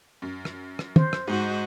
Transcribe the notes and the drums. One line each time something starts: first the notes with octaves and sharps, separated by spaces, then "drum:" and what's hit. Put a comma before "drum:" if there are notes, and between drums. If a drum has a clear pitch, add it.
F#2
drum: rim click
drum: rim click
C5, drum: tom
drum: rim click
G#2 G#3 D#4 F#4